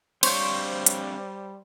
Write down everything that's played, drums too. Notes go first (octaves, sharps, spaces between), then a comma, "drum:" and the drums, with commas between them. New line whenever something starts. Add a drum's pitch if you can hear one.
G3 C4 D4 C5 C#5 F5 G5, drum: cymbal
drum: hi-hat